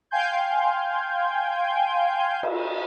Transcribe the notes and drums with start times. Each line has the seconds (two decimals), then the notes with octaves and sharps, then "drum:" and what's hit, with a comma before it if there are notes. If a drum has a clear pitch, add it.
0.11 F5 G5 G#5 C6 G6 G#6
2.43 drum: cymbal